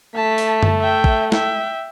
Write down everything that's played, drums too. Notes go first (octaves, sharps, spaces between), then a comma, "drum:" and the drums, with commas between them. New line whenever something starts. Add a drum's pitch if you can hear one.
A3 A5 B6
drum: open hi-hat
drum: tom F#2
E5 G5
drum: kick
E5 G5, drum: snare